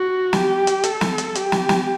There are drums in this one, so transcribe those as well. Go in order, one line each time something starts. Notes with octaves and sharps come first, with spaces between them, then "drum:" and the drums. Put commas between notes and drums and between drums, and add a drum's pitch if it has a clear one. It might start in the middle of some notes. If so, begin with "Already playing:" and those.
Already playing: F#4
G4, drum: snare
drum: hi-hat
A4, drum: hi-hat
drum: snare
drum: hi-hat
G4, drum: hi-hat
drum: snare
drum: snare